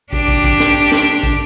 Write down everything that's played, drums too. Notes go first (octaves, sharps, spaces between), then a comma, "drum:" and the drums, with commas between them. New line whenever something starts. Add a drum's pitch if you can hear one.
D4 G4, drum: kick
drum: kick
drum: kick
drum: snare
drum: snare
drum: kick